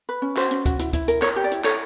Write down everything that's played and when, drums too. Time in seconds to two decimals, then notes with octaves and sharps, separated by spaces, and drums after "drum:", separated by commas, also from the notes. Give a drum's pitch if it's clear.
0.09 B4
0.22 C#4
0.37 F#4 C5, drum: clap
0.51 C#4, drum: hi-hat
0.66 F#4, drum: kick, hi-hat
0.79 E4, drum: hi-hat
0.93 E4, drum: kick, hi-hat
1.08 A#4, drum: hi-hat
1.22 A#4 C#5, drum: clap
1.36 G4
1.44 D5
1.51 E4, drum: hi-hat
1.64 A4 C#5, drum: clap